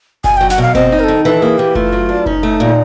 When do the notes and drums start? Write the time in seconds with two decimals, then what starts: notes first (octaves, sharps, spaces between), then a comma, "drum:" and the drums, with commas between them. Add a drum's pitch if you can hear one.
0.24 B2 G#5, drum: kick F#1
0.37 F#3 G5
0.50 F#5, drum: snare
0.58 B2 F5
0.75 C4 D#5, drum: kick F#1
0.92 D#4
0.99 A#4
1.04 D#3 A4
1.25 E3 A4
1.42 A#3 G#4
1.58 E3 G4
1.75 A3 F4, drum: kick F#1
1.92 F#3
2.09 D4
2.26 C#4 D#4, drum: kick F#1
2.43 A3
2.60 A#2